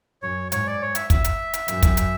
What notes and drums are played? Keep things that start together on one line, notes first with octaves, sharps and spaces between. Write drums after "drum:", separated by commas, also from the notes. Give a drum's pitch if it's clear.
F#2 C#5
G#2 C#5, drum: hi-hat
D5
C#5
E5, drum: hi-hat
E5, drum: kick, hi-hat
drum: hi-hat
drum: hi-hat
F#2, drum: hi-hat
drum: kick, hi-hat
drum: hi-hat